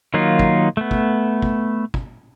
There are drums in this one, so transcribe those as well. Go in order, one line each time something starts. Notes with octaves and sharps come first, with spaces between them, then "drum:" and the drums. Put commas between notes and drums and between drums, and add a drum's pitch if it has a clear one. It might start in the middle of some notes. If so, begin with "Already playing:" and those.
D#3 F#3 A#3 D#4 F4
drum: kick
A3 B3
drum: kick
drum: kick
drum: kick